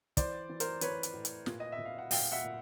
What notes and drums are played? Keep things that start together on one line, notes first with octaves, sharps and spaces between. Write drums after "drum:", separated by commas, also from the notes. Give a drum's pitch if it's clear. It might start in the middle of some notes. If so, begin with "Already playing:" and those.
E3 C5 D5, drum: kick, hi-hat
E3
A#4 C5, drum: hi-hat
E3 B4 C#5, drum: hi-hat
drum: hi-hat
A2
drum: hi-hat
A#2, drum: snare
D#5
E5
A#2
F5
F#5
A#2 F5 G5, drum: open hi-hat
E5 F#5
A#2